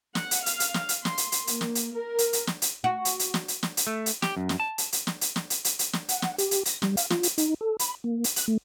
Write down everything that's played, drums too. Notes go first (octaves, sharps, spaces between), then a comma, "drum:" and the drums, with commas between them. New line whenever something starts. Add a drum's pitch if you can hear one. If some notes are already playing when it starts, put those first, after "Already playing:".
F#5, drum: snare
drum: hi-hat
F5, drum: hi-hat
drum: hi-hat
drum: snare
drum: hi-hat
C6, drum: snare
drum: hi-hat
drum: hi-hat
A#3, drum: hi-hat
drum: snare
drum: hi-hat
A#4
drum: hi-hat
drum: hi-hat
drum: snare
drum: hi-hat
F#4
drum: hi-hat
drum: hi-hat
drum: snare
drum: hi-hat
drum: snare
drum: hi-hat
A3
drum: hi-hat
G4, drum: snare
F#2
drum: snare
A5
drum: hi-hat
drum: hi-hat
drum: snare
drum: hi-hat
drum: snare
drum: hi-hat
drum: hi-hat
drum: hi-hat
drum: snare
F#5, drum: hi-hat
drum: snare
G4, drum: hi-hat
drum: hi-hat
A#6, drum: hi-hat
G3, drum: snare
F5, drum: hi-hat
F4, drum: snare
drum: hi-hat
D#4, drum: hi-hat
A4
B5, drum: hi-hat
A#3
drum: hi-hat
F#6, drum: hi-hat
A3